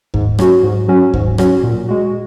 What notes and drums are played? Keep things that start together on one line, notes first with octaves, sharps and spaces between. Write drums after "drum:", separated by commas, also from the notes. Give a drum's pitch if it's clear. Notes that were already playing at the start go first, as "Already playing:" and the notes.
G#2, drum: kick D2
F#3 C#4 F#4, drum: rim click
G#2
F#3 C#4 F#4
G#2, drum: kick D2
F#3 C#4 F#4, drum: rim click
A#2
G#3 F#4